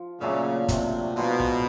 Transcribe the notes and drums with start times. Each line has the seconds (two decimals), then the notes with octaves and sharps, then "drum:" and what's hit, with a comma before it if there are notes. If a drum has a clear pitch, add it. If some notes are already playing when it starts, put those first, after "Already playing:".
Already playing: F3
0.21 A#2 C#3 F#3 A3 D4
0.68 C3, drum: kick, hi-hat
1.15 B2 F3 G#3 B3 D#4
1.39 drum: tom B1